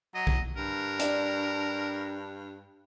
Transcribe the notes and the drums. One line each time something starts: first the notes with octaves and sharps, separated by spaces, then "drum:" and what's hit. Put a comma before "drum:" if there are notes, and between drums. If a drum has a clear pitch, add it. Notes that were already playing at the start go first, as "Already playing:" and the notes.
F#3 D#5
drum: kick B1
G2 A#4
D4, drum: hi-hat